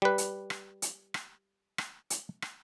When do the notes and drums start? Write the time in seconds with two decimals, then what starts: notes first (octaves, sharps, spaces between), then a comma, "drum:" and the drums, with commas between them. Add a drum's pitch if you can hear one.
0.02 G3 B4
0.18 drum: hi-hat
0.50 drum: rim click
0.82 drum: hi-hat
1.14 drum: rim click
1.78 drum: rim click
2.10 drum: hi-hat
2.42 drum: rim click